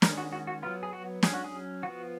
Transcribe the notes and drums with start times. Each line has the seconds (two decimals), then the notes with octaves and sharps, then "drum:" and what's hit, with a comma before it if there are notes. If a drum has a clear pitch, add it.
0.02 D#3 G#3 C#4 A#4, drum: snare
0.18 F#4
0.32 F#4
0.47 F#4
0.63 F#3 B3 F4
0.83 G#4
0.93 F#4
1.23 F#3 C#4 G#4, drum: snare
1.34 F#4
1.44 G#4
1.83 F3 B3 F#4